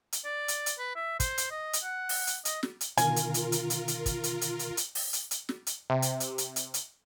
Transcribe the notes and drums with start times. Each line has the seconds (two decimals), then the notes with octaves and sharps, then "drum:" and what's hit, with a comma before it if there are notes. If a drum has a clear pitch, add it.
0.12 drum: hi-hat
0.25 D5
0.48 drum: hi-hat
0.66 drum: hi-hat
0.78 B4
0.96 E5
1.20 C5, drum: kick, hi-hat
1.38 drum: hi-hat
1.51 D#5
1.73 drum: hi-hat
1.83 F#5
2.09 drum: open hi-hat
2.27 drum: hi-hat
2.45 D#5, drum: hi-hat
2.63 drum: snare
2.81 drum: hi-hat
2.97 B2 D3 D#3 F4 A#4 G#5, drum: hi-hat
3.16 drum: hi-hat
3.34 drum: hi-hat
3.52 drum: hi-hat
3.70 drum: hi-hat
3.88 drum: hi-hat
4.06 drum: kick, hi-hat
4.24 drum: hi-hat
4.41 drum: hi-hat
4.59 drum: hi-hat
4.77 drum: hi-hat
4.95 drum: open hi-hat
5.13 drum: hi-hat
5.31 drum: hi-hat
5.49 drum: snare
5.67 drum: hi-hat
5.90 C3
6.02 drum: hi-hat
6.20 drum: hi-hat
6.38 drum: hi-hat
6.56 drum: hi-hat
6.74 drum: hi-hat